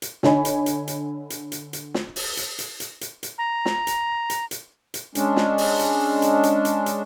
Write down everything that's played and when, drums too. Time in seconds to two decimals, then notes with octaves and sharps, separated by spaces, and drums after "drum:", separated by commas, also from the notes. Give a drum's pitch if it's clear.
0.02 drum: hi-hat
0.23 D3 C#5 D#5 G#5 B5, drum: snare
0.45 drum: hi-hat
0.66 drum: hi-hat
0.88 drum: hi-hat
1.30 drum: hi-hat
1.52 drum: hi-hat
1.73 drum: hi-hat
1.94 drum: snare
2.16 drum: open hi-hat
2.37 drum: hi-hat
2.59 drum: hi-hat
2.80 drum: hi-hat
3.01 drum: hi-hat
3.23 drum: hi-hat
3.38 A#5
3.65 drum: snare
3.87 drum: hi-hat
4.30 drum: hi-hat
4.51 drum: hi-hat
4.94 drum: hi-hat
5.15 G#3 C#4 D4, drum: hi-hat
5.37 drum: snare
5.58 drum: open hi-hat
5.79 drum: hi-hat
6.22 drum: hi-hat
6.43 drum: hi-hat
6.65 drum: hi-hat
6.86 drum: hi-hat